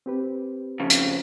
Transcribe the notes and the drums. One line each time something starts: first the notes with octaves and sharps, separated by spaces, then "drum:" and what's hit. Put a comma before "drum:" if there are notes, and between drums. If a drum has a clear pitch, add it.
C4 G4 B4
F2 C#3
drum: hi-hat